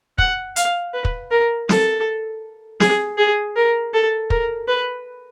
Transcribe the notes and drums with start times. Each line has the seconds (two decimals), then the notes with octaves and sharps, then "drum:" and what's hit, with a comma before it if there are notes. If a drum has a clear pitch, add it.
0.18 F#5, drum: kick
0.56 F5, drum: hi-hat
0.94 B4
1.05 drum: kick
1.31 A#4
1.69 A4, drum: snare
2.80 G#4, drum: snare
3.18 G#4
3.56 A#4
3.94 A4
4.30 A#4, drum: kick
4.68 B4